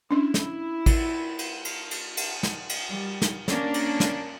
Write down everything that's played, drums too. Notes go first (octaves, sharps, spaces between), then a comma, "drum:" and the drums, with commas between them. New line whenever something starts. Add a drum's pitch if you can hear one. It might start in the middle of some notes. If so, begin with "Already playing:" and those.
C#4 D4 E4
drum: snare
drum: kick A1, cymbal
drum: cymbal
drum: cymbal
drum: cymbal
drum: cymbal
drum: snare
drum: cymbal
G3
drum: snare
A#3 C#4 D4, drum: snare
drum: cymbal
drum: snare